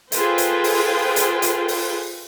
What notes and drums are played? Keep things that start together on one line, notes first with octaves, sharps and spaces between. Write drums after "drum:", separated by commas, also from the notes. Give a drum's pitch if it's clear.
F4 G#4 A4 B4 C5 G5, drum: hi-hat
drum: hi-hat
drum: open hi-hat
drum: hi-hat
drum: hi-hat
drum: open hi-hat